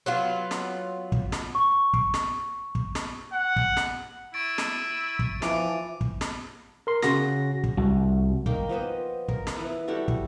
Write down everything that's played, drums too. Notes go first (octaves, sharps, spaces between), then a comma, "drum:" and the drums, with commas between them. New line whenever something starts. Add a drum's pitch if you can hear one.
F#3 B3 F4
drum: snare
drum: kick
drum: snare
C#6
drum: kick
drum: snare
drum: kick
drum: snare
F#5
drum: kick
drum: snare
E4 C#6 A6 D7
drum: snare
drum: kick
E3 F3 D6 D7 F7, drum: snare
drum: kick
drum: snare
A#4 C6
C#3 F#4 A#6, drum: snare
drum: kick
C2 F#4
D#3 A#3 G5, drum: kick
F3 B3 C5 D#5
A#4, drum: kick
drum: snare
E3 B3 E4
G3 E4 F#4 A4
drum: kick